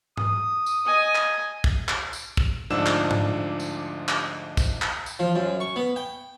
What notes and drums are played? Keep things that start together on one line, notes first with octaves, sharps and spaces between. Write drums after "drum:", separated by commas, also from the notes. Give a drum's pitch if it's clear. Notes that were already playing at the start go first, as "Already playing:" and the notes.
D#6, drum: tom G#2
drum: tambourine
D#5 G#5
drum: clap
drum: kick
drum: clap
drum: tambourine
drum: kick
D2 G#2 F3 D4 E6 E7
drum: clap
drum: tom G#2
drum: tambourine
drum: clap
drum: kick, tambourine
drum: clap
drum: tambourine
F3
F#2
C#6
B3
G5